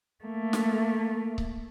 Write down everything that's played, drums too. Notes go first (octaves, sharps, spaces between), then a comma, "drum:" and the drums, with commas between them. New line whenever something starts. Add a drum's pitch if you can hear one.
A3 A#3
drum: snare
drum: kick C#1